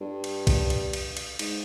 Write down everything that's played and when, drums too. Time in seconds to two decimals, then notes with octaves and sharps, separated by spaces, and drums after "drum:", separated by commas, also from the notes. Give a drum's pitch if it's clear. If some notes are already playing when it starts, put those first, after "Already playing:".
0.01 G2
0.24 drum: cymbal
0.47 drum: kick B1, cymbal
0.70 drum: cymbal
0.93 drum: cymbal
1.17 drum: cymbal
1.39 G#2, drum: cymbal